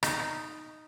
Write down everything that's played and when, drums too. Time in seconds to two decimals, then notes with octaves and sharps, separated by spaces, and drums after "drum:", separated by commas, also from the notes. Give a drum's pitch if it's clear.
0.03 D#4, drum: rim click